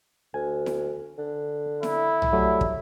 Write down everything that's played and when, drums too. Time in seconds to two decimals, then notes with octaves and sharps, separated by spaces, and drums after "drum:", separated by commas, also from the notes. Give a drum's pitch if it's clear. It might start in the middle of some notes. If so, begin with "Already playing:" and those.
0.34 D2 G#5
0.66 drum: snare E4
1.18 D3
1.83 E4, drum: snare E4
2.22 drum: tom
2.33 F#3 G3 A3
2.61 drum: kick